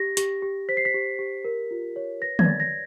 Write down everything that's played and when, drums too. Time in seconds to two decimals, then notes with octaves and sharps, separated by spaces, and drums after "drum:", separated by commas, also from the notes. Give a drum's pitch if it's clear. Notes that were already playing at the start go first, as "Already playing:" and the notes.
Already playing: G4 A#6
0.17 G4, drum: hi-hat
0.42 G4
0.69 C5 B6
0.77 C7
0.85 B6
0.94 G4
1.19 G4
1.44 A#4
1.71 F4
1.96 C#5
2.21 B4 A#6
2.39 G#6, drum: tom
2.46 D5 A6
2.60 A#6